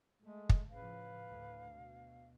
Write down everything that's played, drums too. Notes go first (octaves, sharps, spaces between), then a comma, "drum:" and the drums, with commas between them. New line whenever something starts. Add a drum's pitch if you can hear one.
G#3 A3
drum: kick
A2 C#3 F3 B4 F5
D2 A2
B2